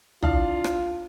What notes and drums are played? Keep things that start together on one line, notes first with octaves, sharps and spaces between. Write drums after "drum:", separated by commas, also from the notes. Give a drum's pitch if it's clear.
D4 E4 F4 F5, drum: tom
drum: rim click